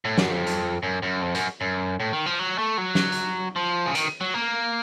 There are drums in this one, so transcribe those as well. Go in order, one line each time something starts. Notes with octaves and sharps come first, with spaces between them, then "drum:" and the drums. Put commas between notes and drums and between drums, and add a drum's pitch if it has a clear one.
A2
F#2, drum: snare
F2
drum: hi-hat
F#2
F#2
F2
F#2, drum: hi-hat
F#2
A2
D#3
F3
F#3
A3
F#3
drum: snare
drum: hi-hat
F3
C#3
D#3, drum: hi-hat
F#3
A#3